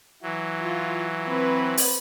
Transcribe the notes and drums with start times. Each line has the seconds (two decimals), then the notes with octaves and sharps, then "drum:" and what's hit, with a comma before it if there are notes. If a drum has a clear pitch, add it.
0.22 E3 F#3
0.61 F4
1.27 C4 B4
1.77 drum: open hi-hat